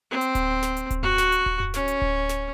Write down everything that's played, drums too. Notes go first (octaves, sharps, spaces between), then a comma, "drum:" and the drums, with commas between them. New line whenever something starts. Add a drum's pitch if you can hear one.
C4
drum: hi-hat
drum: kick D1, hi-hat
drum: snare
drum: hi-hat
drum: kick D1, hi-hat
F#4, drum: tom F2
drum: snare
drum: hi-hat
drum: kick D1
drum: tom F2
C#4, drum: snare
drum: hi-hat
drum: kick D1
drum: snare